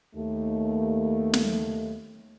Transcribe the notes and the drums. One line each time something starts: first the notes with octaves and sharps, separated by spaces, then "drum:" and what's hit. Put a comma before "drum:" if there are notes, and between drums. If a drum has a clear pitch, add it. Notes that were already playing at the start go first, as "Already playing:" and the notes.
D#2 A3
drum: snare